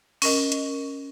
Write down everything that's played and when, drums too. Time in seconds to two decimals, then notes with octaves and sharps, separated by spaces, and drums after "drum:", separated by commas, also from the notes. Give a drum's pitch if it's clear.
0.22 C#4 A#4 D#5, drum: open hi-hat
0.52 drum: hi-hat